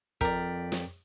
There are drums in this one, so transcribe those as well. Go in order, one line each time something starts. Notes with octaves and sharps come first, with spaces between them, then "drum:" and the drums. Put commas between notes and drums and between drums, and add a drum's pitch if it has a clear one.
F2 A#4 D5 G5 B6, drum: kick
drum: snare